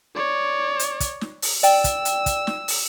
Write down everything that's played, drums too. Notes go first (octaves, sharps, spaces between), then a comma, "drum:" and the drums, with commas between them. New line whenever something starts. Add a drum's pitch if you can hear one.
C#5 D5
drum: hi-hat
drum: kick, hi-hat
drum: snare
drum: open hi-hat
D5 G5 E6, drum: hi-hat
drum: kick, hi-hat
drum: hi-hat
drum: kick, hi-hat
drum: snare
drum: open hi-hat